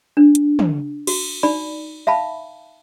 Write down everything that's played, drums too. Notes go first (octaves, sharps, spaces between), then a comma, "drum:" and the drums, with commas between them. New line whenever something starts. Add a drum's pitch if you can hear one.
D4
drum: hi-hat
drum: tom
F#4, drum: cymbal
D#4 D5 B5
E5 F5 A5 B5